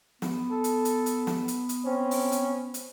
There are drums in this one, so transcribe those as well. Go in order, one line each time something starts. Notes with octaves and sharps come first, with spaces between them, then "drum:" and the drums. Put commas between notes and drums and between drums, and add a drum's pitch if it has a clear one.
B3, drum: snare
A4
drum: hi-hat
drum: hi-hat
drum: hi-hat
drum: snare
drum: hi-hat
drum: hi-hat
C4 C#4
drum: open hi-hat
drum: hi-hat
drum: hi-hat